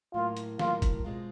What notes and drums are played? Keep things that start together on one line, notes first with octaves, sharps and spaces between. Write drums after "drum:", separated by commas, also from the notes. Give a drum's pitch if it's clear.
A2 F#3 A#3 F4
drum: hi-hat
A2 F#3 A#3 F4, drum: snare
drum: kick, hi-hat
B2 G#3 C4 F4